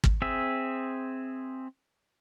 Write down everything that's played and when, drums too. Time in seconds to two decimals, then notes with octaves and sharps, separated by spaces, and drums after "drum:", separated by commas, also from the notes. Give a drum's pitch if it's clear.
0.04 drum: kick
0.22 C4 G#4 E5